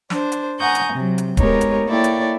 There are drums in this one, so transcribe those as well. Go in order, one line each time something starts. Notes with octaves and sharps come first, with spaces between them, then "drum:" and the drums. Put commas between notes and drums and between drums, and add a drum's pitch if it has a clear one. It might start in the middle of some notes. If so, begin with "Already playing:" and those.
D4 C5, drum: snare
drum: hi-hat
F#5 G#5 A#5 C#6 D#6 G6
drum: hi-hat
C3 F#3
drum: hi-hat
G#3 B3 D#4 G4 A#4 C#5, drum: kick D1, hi-hat
drum: hi-hat
A#3 E4 A4 C#5 D5 G5
drum: hi-hat